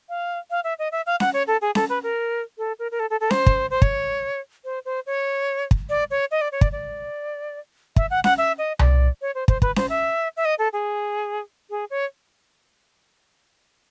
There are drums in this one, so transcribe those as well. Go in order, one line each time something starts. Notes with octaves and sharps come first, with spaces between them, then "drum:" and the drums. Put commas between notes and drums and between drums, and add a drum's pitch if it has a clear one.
F5
F5
E5
D#5
E5
F5
F#5, drum: snare C#4
C#5
A4
G#4
A4, drum: snare C#4
B4
A#4
A4
A#4
A#4
A4
A4
A4
C5, drum: snare C#4
drum: kick
C5
C#5, drum: kick
C5
C5
C#5
drum: kick
D5
C#5
D#5
D5
C#5
D5, drum: kick
D5
E5, drum: kick
F#5
F#5, drum: snare C#4
E5
D#5
D5, drum: tom C2
C#5
C5
C5, drum: kick
B4, drum: kick
C5, drum: snare C#4
E5
E5
D#5
A4
G#4
G#4
C#5